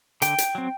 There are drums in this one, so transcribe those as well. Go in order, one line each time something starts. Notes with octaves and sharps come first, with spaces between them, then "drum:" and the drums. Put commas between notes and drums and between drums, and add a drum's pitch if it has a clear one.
D3 G5, drum: hi-hat
drum: hi-hat
F#3 C4